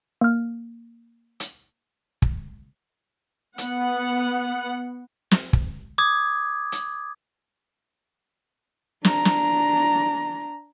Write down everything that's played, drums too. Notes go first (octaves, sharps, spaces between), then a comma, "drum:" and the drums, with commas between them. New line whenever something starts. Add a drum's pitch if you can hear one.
A#3 F6
drum: hi-hat
drum: kick
B3 F#5, drum: hi-hat
drum: snare
drum: kick
D6 D#6 G#6
drum: hi-hat
D4 A#5, drum: snare
drum: snare